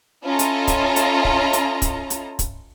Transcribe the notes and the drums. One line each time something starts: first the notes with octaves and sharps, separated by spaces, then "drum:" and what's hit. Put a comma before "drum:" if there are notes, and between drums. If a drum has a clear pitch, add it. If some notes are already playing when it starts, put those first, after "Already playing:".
C#4 E4 F4 A4 D#5 A#5
drum: hi-hat
drum: kick, hi-hat
drum: hi-hat
drum: kick
drum: hi-hat
drum: kick, hi-hat
drum: hi-hat
drum: kick, hi-hat